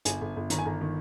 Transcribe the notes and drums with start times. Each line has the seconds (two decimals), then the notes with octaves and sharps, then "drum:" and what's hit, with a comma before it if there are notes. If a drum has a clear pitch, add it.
0.05 G1 G#5, drum: hi-hat
0.21 G1
0.36 G1
0.50 D#3 A#5, drum: hi-hat
0.59 G#5
0.65 G1 A#5
0.81 D#3